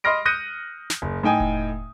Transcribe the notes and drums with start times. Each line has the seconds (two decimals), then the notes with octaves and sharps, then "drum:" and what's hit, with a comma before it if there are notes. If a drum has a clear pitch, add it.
0.04 D#5 B5 C6 F6 A#6 D7
0.25 D#6 F#6 G6 A#6 C#7 D#7
0.90 drum: snare
1.02 F#1
1.23 A2 D#4 G5 G#5 D#6
1.40 drum: kick E1